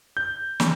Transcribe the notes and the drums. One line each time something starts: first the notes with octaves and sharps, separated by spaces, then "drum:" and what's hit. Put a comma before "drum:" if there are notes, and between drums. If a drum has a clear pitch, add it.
G6
drum: snare